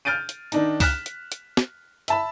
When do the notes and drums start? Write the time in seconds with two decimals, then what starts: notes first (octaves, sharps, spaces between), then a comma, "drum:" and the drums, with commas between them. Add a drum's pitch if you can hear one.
0.05 F6 G6 A6 D7 D#7
0.29 drum: hi-hat
0.52 D#3 D4 D#4, drum: hi-hat
0.80 F6 F#6 B6 E7, drum: kick C#2, open hi-hat
1.06 drum: hi-hat
1.32 drum: hi-hat
1.57 drum: snare
2.08 E5 A5 B5, drum: hi-hat